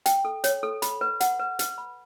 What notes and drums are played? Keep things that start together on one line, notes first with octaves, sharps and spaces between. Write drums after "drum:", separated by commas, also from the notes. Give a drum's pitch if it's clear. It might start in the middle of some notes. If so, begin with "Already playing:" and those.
G5, drum: hi-hat
A4
C#5, drum: hi-hat
A4
B5, drum: hi-hat
B4
F#5, drum: hi-hat
B4
B4, drum: hi-hat
B5